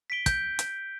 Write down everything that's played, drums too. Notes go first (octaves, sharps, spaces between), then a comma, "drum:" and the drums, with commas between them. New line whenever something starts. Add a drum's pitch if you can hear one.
B6 D7 G7
G6, drum: kick, hi-hat
drum: hi-hat